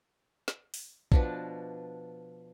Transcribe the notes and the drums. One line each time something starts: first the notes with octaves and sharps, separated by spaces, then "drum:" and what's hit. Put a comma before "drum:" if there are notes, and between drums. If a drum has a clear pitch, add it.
drum: snare
drum: open hi-hat
B2 F3 D4, drum: kick A#1